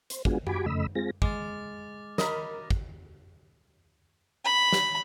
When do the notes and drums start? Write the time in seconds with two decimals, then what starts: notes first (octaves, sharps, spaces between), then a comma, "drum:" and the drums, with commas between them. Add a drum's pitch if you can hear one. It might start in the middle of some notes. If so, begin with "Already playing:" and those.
0.10 C5, drum: hi-hat
0.25 G#3 B3 D4 F4 F#4 G#4, drum: kick
0.47 F#4 G4 G#5 B5 D6, drum: tom F#2
0.66 F2 C#3 A3 D#5 B5 E6
0.95 G#3 C4 F4 G#4 A#6
1.22 G#3 D6 F6 A6, drum: kick
2.18 A#4 D#5 B5, drum: snare
2.70 drum: kick
4.45 B5
4.72 drum: snare